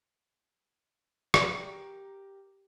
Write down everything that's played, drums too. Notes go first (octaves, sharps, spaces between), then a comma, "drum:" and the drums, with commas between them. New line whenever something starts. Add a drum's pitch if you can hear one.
G4 A#4, drum: rim click